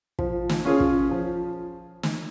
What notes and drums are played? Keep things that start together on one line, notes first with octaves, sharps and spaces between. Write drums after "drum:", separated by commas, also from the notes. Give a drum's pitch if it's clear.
F3, drum: kick
drum: snare
C#4 F4 G#4
drum: kick
F3
drum: snare